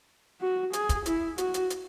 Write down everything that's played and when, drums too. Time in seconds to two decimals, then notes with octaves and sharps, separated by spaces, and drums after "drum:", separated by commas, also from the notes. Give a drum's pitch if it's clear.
0.41 F#4
0.73 G#4, drum: hi-hat
0.89 drum: kick, hi-hat
1.06 E4, drum: hi-hat
1.38 F#4, drum: hi-hat
1.54 drum: hi-hat
1.70 drum: hi-hat